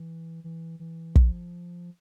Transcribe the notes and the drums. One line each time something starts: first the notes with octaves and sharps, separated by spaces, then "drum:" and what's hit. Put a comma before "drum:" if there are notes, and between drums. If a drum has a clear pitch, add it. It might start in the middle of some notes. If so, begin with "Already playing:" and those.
Already playing: E3
E3
E3
F3, drum: kick